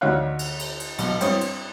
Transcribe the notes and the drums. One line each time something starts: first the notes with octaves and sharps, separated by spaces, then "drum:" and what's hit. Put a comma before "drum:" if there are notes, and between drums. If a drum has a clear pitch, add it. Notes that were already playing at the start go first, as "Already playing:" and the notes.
D2 D#4 F#4 C#5 F5 F#6
drum: cymbal
drum: cymbal
drum: cymbal
B1 B2, drum: cymbal
G2 C4 E4 C#5 D#6, drum: cymbal
drum: cymbal